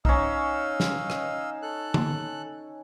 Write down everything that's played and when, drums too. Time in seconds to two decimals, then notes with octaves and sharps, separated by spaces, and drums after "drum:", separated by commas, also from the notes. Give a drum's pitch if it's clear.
0.05 C#4 D#4 D#5 F5 E6, drum: kick
0.80 drum: snare
1.10 drum: rim click
1.62 A4 F#6
1.94 drum: tom D3